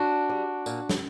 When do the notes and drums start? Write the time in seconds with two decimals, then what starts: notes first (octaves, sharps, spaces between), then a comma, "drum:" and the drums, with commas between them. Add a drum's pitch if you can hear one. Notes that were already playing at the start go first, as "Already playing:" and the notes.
Already playing: D4 F#4
0.29 G3
0.66 A#2, drum: tambourine
0.89 drum: snare